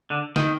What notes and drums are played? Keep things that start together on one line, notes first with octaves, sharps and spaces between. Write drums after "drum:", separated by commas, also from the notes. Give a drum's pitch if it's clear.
D3
D#3, drum: snare